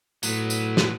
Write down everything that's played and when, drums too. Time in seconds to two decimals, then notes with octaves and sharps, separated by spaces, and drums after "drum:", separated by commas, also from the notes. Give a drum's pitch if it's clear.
0.23 A2 F#3 B3, drum: tambourine
0.50 drum: tambourine
0.77 drum: snare